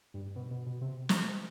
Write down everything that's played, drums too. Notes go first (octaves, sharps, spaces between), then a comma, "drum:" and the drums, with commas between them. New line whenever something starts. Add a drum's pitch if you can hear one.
G2
B2
B2
B2
C3
drum: snare